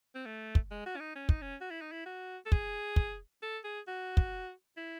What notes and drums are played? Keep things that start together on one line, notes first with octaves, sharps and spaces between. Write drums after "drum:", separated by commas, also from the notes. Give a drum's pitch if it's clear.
C4
A3
drum: kick
G#3
F#4
C#4
D#4
C#4
D#4, drum: kick
C#4
F#4
E4
D#4
E4
F#4
A4
G#4, drum: kick
drum: kick
A4
G#4
F#4
drum: kick
E4